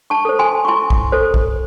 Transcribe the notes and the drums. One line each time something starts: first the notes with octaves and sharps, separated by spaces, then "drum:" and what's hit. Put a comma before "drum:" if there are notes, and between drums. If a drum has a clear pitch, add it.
A5 C#6
A4 C5
G#5 C6
C#6
E4 G#5 C6
drum: kick
A4 C5
drum: kick